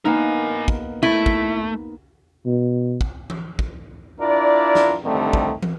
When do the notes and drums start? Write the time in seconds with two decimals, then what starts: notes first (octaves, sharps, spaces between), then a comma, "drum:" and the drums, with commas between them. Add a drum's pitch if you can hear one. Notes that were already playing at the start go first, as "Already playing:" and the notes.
0.05 A#3 B3 D#4 A#4 G#5
0.68 drum: kick
1.03 A3 E4
1.26 drum: kick
2.46 B2
3.01 drum: kick
3.30 drum: tom E3
3.59 drum: kick
4.21 D4 E4 F4 A#4 D5
4.75 drum: snare
5.04 C2 G2 D3 D#3 A3 C4
5.33 drum: kick
5.62 drum: tom